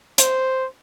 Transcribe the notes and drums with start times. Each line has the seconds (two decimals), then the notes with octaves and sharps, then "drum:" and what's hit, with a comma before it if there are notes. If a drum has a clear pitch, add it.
0.18 C5, drum: hi-hat